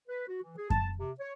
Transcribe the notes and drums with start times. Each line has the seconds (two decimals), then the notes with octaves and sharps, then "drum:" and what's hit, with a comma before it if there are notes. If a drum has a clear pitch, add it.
0.08 B4
0.28 F#4
0.42 E3
0.57 G#4
0.70 A5, drum: kick F#2
0.98 C3
1.20 C#5